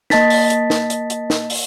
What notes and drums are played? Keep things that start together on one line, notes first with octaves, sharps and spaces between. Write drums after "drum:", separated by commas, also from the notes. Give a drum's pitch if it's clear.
A#3 D#5 A5 A6 B6, drum: snare
drum: open hi-hat
drum: hi-hat
drum: snare
drum: hi-hat
drum: hi-hat
drum: snare
drum: open hi-hat